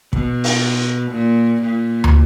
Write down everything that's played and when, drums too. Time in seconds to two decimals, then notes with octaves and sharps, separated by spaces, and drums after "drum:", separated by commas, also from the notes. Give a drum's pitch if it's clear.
0.13 B2, drum: kick
0.44 drum: open hi-hat
1.12 A#2
1.62 A#2
2.04 drum: tom